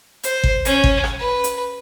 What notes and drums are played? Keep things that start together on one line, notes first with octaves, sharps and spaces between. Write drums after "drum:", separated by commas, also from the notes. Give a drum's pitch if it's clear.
C5, drum: hi-hat
drum: kick
C#4, drum: hi-hat
drum: kick
drum: rim click
B4
drum: hi-hat